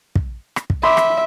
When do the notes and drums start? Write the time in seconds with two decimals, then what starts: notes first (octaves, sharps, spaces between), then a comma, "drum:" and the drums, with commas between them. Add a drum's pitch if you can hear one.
0.16 drum: kick
0.56 drum: rim click
0.70 drum: kick
0.83 E5 B5 C6 D6
0.97 drum: rim click